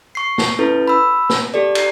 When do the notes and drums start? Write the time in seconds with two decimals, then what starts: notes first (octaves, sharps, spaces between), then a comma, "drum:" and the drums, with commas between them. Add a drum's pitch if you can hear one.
0.15 C#6 C7
0.38 drum: snare
0.59 C#4 E4 A4 B4
0.88 B5 E6
1.29 drum: snare
1.54 G4 A4 D5
1.75 drum: cymbal